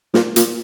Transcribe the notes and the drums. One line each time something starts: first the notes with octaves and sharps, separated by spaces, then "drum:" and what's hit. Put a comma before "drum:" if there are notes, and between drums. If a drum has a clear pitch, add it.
A#2, drum: snare
A#2, drum: hi-hat